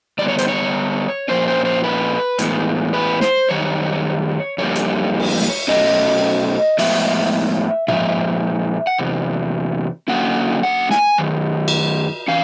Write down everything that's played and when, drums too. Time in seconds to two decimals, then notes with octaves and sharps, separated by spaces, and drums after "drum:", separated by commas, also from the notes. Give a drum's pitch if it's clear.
0.18 D3 G3 B3 D5
0.28 C#5
0.38 C5, drum: hi-hat
0.48 C#5
1.28 A#2 F3 A#3 C#4 C5
1.48 C5
1.65 C5
1.84 B4
2.39 A2 E3 G#3 B3, drum: hi-hat
2.94 B4
3.21 C5, drum: snare
3.49 F#2 D#3 G3 C#5
4.58 F2 D3 G3 A#3 C#5
4.75 drum: hi-hat
5.20 drum: cymbal
5.42 drum: snare
5.68 B2 F#3 A3 C#4 D#5
6.78 A2 F3 G#3 B3 E5, drum: open hi-hat
7.88 A#2 F3 G#3 E5, drum: tom
8.87 F#5
8.98 E2 C3
10.08 D3 F#3 A#3 C#4 F#5
10.63 F#5
10.91 G#5, drum: snare
11.18 F#2 D#3
11.68 drum: cymbal
12.28 E3 C#4 F5